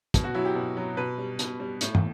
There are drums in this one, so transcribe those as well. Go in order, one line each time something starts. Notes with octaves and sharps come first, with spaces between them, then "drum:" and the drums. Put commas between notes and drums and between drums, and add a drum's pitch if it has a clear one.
B2, drum: kick, hi-hat
F#4
F#3 E4
G4
B2
F#3
B2 B4
G3
B2, drum: hi-hat
G3
A2, drum: hi-hat
drum: tom